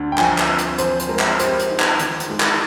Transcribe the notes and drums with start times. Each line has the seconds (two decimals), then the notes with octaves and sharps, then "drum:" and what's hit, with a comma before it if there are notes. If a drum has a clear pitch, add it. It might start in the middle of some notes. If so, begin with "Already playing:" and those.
Already playing: D2 D3
0.12 G5
0.18 F3 G#5, drum: clap
0.38 drum: clap
0.48 C4
0.59 drum: hi-hat
0.78 F3 C5, drum: hi-hat
1.00 C5, drum: hi-hat
1.09 G#3 A#4
1.19 drum: clap
1.39 G4 C5, drum: hi-hat
1.60 drum: hi-hat
1.70 D#4
1.80 drum: clap
1.99 D#3, drum: hi-hat
2.20 drum: hi-hat
2.30 G#3
2.40 drum: clap